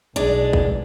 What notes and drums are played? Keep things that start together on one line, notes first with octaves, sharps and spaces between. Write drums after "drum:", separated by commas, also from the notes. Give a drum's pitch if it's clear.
B1 G#3 D4
drum: kick